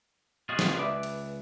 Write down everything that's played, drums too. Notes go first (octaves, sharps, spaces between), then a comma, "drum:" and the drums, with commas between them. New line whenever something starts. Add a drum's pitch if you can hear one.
F4 F#4 G#4 D#5
drum: snare
C#2 B4 D5 E5
drum: cymbal